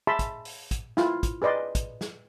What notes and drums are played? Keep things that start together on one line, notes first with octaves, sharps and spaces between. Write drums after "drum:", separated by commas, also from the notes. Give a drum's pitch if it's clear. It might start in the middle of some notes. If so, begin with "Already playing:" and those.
G#4 E5 A5 B5 C6
drum: kick, hi-hat
drum: open hi-hat
drum: kick, hi-hat
E4 F4, drum: snare
drum: kick, hi-hat
G#4 B4 D5 D#5 C6
drum: kick, hi-hat
drum: snare